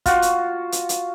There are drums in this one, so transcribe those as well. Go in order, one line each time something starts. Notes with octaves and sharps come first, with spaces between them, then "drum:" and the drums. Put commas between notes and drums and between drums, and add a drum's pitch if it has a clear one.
F4 F#4, drum: kick, hi-hat
drum: hi-hat
drum: hi-hat
drum: hi-hat